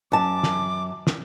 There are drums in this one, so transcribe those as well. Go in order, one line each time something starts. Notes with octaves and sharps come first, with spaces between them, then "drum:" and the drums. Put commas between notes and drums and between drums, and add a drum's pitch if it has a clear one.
F#2 A5 D6
drum: snare
drum: snare